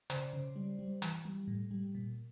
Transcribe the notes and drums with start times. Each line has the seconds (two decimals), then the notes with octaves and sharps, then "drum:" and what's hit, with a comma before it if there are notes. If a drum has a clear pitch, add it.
0.10 C#3 C5 D5, drum: hi-hat
0.33 C#3
0.56 G3
0.79 G3
1.02 E3, drum: hi-hat
1.25 G3
1.48 A2
1.71 G3
1.95 A#2